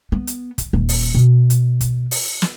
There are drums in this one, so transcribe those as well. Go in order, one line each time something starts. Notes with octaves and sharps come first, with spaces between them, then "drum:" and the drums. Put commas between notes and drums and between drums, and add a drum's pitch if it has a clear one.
B3
drum: hi-hat
drum: kick, hi-hat
D#1
drum: open hi-hat
B2
drum: hi-hat
drum: kick, hi-hat
drum: open hi-hat
drum: snare